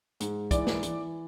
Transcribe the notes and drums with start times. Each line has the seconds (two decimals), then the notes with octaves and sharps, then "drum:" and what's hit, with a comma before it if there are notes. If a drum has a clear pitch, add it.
0.20 G#2, drum: hi-hat
0.51 E3 D5, drum: kick, hi-hat
0.67 drum: snare
0.83 E3, drum: hi-hat